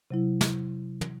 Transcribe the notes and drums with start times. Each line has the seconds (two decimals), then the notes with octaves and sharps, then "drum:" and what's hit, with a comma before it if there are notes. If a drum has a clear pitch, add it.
0.11 C3 F#3 E4
0.41 drum: snare
1.01 drum: tom